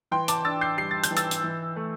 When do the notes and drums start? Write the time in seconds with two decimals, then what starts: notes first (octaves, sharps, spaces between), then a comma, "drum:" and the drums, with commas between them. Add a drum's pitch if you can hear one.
0.11 E3 G5 C6
0.28 A5 D6, drum: hi-hat
0.45 D4 E6 A6
0.61 G6 C7
0.78 G3 C7
0.91 A6
1.04 G6, drum: hi-hat
1.11 E3
1.17 E6 A6, drum: hi-hat
1.31 drum: hi-hat
1.44 E3
1.76 A3